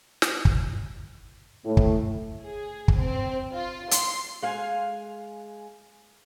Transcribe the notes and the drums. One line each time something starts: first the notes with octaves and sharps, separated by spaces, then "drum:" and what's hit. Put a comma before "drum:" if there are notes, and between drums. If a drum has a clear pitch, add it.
drum: snare
drum: kick
A2
drum: kick
G#4
drum: kick
C4
F4
C6, drum: hi-hat
G#3 F5 G#5